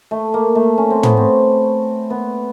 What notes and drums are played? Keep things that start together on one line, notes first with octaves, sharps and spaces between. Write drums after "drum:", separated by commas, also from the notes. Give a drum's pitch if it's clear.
A3
A#3
A3
C#4
C4
B3, drum: tom
C4
B3